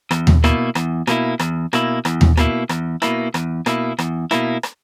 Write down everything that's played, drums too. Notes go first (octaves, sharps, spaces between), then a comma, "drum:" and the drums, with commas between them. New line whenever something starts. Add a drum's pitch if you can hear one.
E2, drum: rim click
drum: tom D#2
B2 A#3 E4, drum: rim click
E2, drum: rim click
B2 A#3 E4, drum: rim click
E2, drum: rim click
B2 A#3 E4, drum: rim click
E2, drum: rim click
drum: tom D#2
B2 A#3 E4, drum: rim click
E2, drum: rim click
B2 A#3 E4, drum: rim click
E2, drum: rim click
B2 A#3 E4, drum: rim click
E2, drum: rim click
B2 A#3 E4, drum: rim click
drum: rim click